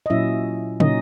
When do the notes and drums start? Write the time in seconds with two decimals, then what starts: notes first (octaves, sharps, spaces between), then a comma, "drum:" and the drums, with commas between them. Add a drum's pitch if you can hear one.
0.06 D#5
0.10 A#2 F#3 C#4 E4 E5
0.80 A#2 F#3 C#4 D#4 D#5, drum: tom